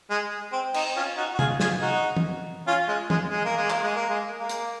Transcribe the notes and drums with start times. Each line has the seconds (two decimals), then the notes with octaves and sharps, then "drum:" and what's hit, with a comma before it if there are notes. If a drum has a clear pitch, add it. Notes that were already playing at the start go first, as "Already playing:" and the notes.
0.10 G#3
0.53 C4
0.74 C4 D#4, drum: cymbal
0.96 C#4 F4
1.17 D#4 F#4
1.35 F#4
1.39 F4 G#4, drum: tom C3
1.60 F4 G#4, drum: snare
1.82 D#4 F#4
2.17 drum: tom
2.67 C#4 F4
2.88 G#3
3.10 G#3, drum: tom
3.31 G#3
3.45 A#3
3.57 G#3
3.70 A#3, drum: clap
3.83 G#3
3.96 A#3
4.10 G#3
4.39 A#3
4.49 drum: hi-hat